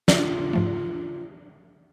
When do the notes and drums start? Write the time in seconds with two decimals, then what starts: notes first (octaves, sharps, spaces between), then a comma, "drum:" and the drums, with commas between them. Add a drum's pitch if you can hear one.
0.08 F4 D5, drum: snare
0.53 G#2 F3 A3